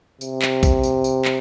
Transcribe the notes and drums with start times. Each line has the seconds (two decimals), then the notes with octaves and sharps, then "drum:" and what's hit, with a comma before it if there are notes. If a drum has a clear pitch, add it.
0.21 C3, drum: tambourine
0.42 drum: clap
0.63 drum: kick A#1, tambourine
0.84 drum: tambourine
1.04 drum: tambourine
1.25 drum: clap